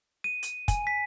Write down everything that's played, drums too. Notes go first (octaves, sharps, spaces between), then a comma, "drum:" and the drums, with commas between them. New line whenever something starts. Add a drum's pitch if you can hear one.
D#7
drum: hi-hat
G#5, drum: kick, hi-hat
B6